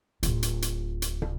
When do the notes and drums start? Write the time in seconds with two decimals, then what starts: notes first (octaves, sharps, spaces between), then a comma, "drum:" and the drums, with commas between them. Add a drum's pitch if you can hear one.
0.23 D1 F4, drum: hi-hat
0.43 drum: hi-hat
0.62 drum: hi-hat
1.02 drum: hi-hat
1.22 drum: tom